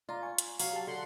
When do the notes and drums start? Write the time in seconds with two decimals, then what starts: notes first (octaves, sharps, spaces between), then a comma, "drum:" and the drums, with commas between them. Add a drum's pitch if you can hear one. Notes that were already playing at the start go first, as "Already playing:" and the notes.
0.09 F4 D5 A#5
0.22 G#5 C#6
0.38 drum: hi-hat
0.59 F#3 F5, drum: open hi-hat
0.73 G4 A5
0.87 D3 F#5 C6